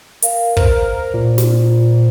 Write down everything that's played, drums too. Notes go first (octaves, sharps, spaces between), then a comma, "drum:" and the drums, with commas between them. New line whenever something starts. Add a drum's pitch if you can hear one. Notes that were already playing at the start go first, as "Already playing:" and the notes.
A#4 F5, drum: hi-hat
A#4 C5, drum: kick
A#2
drum: snare